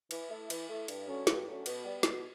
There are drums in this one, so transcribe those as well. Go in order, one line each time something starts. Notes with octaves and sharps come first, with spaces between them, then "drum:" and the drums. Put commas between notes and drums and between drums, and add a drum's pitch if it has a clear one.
E3, drum: cymbal
A3 E4
E3, drum: cymbal
A3 E4
G2, drum: cymbal
D3 F#3 A3 C#4
G2, drum: snare
D3 F#3 A3 C#4
B2, drum: cymbal
G3 B3
B2, drum: snare